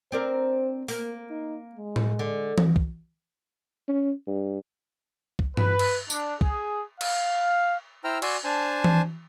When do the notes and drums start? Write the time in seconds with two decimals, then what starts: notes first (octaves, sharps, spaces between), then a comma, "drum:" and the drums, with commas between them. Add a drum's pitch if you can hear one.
0.12 C4 D4 A#4 C5
0.88 A#3 A#4, drum: open hi-hat
1.30 D#4
1.75 G#3
1.96 drum: tom A2
2.19 D3
2.58 drum: tom E3
2.76 drum: kick
3.88 C#4
4.27 G2
5.39 drum: kick
5.57 B4, drum: tom G2
5.79 drum: cymbal
6.10 D4, drum: tambourine
6.41 G#4, drum: kick
7.01 F5, drum: cymbal
8.04 E4 C5 G5 A#5 E6 F6
8.22 F#4 D5 G#5 C6 E6, drum: cymbal
8.44 D4 C5 G#5 A5
8.84 drum: tom E3